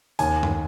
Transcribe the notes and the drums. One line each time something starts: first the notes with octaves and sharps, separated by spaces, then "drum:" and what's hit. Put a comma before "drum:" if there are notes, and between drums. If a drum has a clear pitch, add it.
D#2 G#5, drum: hi-hat
drum: tom F#2